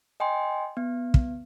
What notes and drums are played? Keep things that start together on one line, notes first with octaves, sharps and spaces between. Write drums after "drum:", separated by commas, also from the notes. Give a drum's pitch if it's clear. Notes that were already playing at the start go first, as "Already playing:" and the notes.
D#5 G5 G#5 C6
B3
drum: kick